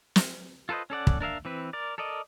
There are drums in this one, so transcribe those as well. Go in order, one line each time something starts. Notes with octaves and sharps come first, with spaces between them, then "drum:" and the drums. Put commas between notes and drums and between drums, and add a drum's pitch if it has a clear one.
drum: snare
F4 A4 B4 C5 D#5
C#4 A4 D5 F#5
drum: kick
D4 A#4 E5 F5
E3 C4 B4
A#4 D5
A4 A#4 D5 D#5